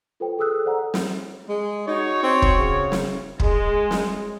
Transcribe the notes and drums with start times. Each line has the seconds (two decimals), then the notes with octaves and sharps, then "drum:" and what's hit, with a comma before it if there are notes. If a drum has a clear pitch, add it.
0.20 F4 A4 B4 C5 G5
0.39 G#4 A4 D#6 E6 F#6
0.65 A4 C5 D5 F#5 G#5 A#5
0.94 drum: snare
1.49 G#3
1.88 D#4 F#4 C#5
2.23 C4
2.42 drum: kick
2.59 C#3
2.92 drum: snare
3.40 G#3, drum: kick
3.91 drum: snare